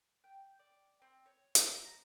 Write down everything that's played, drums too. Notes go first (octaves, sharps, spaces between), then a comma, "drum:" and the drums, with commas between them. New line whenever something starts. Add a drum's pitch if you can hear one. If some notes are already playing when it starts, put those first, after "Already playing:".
G5
D5
C4
C#5
E5, drum: hi-hat
A#5